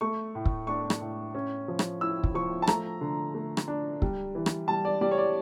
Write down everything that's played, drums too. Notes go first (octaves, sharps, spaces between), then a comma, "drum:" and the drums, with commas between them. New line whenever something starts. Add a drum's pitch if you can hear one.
A3 C#6
A2
drum: kick
D4 C#6
drum: rim click
A2
C#4
F3
drum: rim click
E4 E6
drum: kick
F3 C#6
A5
A3 A#5, drum: rim click
D3
A3
drum: rim click
D4
G3, drum: kick
E3
drum: rim click
G3 A5
D5
G3 D5
C#5
D5